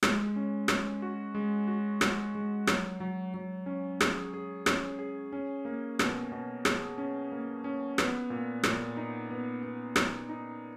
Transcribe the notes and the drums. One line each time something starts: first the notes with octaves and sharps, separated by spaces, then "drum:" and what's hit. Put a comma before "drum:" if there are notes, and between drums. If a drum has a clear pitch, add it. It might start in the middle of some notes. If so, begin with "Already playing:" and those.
G#3, drum: rim click
C#4
C#4, drum: rim click
F#4
G#3
F#4
F#4, drum: rim click
G#3
F#3, drum: rim click
F#3
F#3
C#4
G#4, drum: rim click
G#4
C#4, drum: rim click
G#4
C#4
A#3
B2, drum: rim click
B2
G#4, drum: rim click
C#4
A#3
C#4
B3, drum: rim click
A#2
A#2, drum: rim click
D#4
B3
B3
D#4, drum: rim click
D#4